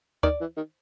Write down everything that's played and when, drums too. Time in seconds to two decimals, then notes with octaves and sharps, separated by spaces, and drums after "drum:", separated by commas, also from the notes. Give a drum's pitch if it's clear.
0.23 D#3 D5, drum: kick D2
0.41 E3
0.57 D#3